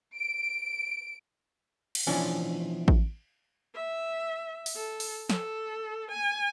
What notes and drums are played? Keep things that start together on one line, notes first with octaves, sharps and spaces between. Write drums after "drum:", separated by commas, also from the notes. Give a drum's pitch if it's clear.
D7
drum: cymbal
B2 E3 F3 C#4 D4
drum: kick A1
E5
drum: open hi-hat
A4
drum: open hi-hat
A4, drum: snare
G#5